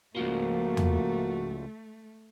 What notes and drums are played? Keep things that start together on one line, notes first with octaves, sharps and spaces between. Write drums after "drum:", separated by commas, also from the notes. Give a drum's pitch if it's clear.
C#2 F3 A3 A#3 F#4
drum: tom E2